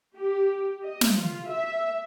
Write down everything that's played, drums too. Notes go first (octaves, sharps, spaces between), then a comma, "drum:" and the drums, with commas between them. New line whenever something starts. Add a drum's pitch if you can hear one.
G4
D#5
drum: snare
F4
E5